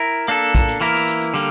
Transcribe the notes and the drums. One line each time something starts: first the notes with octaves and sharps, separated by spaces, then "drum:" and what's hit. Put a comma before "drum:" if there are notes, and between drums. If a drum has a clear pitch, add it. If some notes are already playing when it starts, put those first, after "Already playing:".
Already playing: E4 A#4
A#3 D4 A4, drum: hi-hat
drum: kick, hi-hat
drum: hi-hat
E3 A#3 E4 A#4, drum: hi-hat
drum: hi-hat
drum: hi-hat
drum: hi-hat
D3 G3 A#3, drum: hi-hat